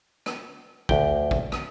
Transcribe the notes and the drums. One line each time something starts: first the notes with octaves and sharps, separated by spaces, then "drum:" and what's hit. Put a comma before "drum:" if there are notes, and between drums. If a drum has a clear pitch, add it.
drum: rim click
D2 G5, drum: kick
drum: kick
drum: rim click